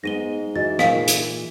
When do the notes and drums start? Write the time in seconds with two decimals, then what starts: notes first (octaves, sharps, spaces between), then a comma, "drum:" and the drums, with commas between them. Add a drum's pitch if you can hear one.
0.04 G#2 G#3 B3 A#6 D#7 G7
0.56 E3 F#4 D#5 A6
0.79 A#2 E3 F4 F5 B6, drum: rim click
1.08 drum: hi-hat